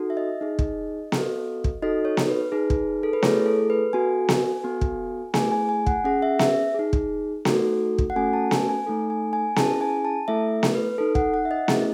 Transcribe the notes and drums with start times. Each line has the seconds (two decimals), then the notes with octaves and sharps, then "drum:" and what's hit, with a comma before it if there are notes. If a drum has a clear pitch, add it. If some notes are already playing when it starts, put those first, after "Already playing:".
Already playing: D#4 F#4 A4
0.10 E5
0.17 D#5
0.41 D#4 G#4
0.59 drum: kick
1.12 B3 F#4 A4, drum: snare B3
1.64 drum: kick
1.82 D#4 F#4 A4 D#5
2.05 C#5
2.17 drum: snare B3
2.29 B4
2.52 D#4 G#4
2.70 drum: kick
3.03 A4
3.13 B4
3.23 A3 E4 G#4 C#5, drum: snare B3
3.46 A4
3.70 B4
3.93 B3 F#4 A4 G#5
4.29 drum: snare B3
4.64 B3 F#4 A4
4.81 drum: kick
5.34 A3 E4 G#4 G#5, drum: snare B3
5.52 G#5
5.69 G#5
5.86 F#5, drum: kick
6.04 C#4 G#4 F#5
6.22 E5
6.39 E5, drum: snare B3
6.75 D#4 G#4
6.93 drum: kick
7.45 A3 D#4 F#4 A4, drum: snare B3
7.98 drum: kick
8.10 F#5
8.16 A3 C#4 F#4 A4 G#5
8.33 A5
8.51 G#5, drum: snare B3
8.69 G#5
8.87 A3 D#4 A4
9.10 G#5
9.33 G#5
9.56 C#4 E4 G#4 A5, drum: snare B3
9.81 G#5
10.05 A5
10.28 A3 E4 A4 E5
10.63 drum: snare B3
10.75 B4
10.98 D#4 A4
11.15 F#5, drum: kick
11.34 F#5
11.45 E5
11.51 D#5
11.68 A3 C#4 E4 G#4, drum: snare B3